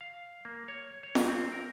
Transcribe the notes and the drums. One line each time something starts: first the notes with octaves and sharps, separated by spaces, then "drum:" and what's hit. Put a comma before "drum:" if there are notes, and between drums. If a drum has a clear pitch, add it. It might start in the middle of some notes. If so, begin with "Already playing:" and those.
F5
A#3
C#5
C#5
drum: snare F4
C4
A#4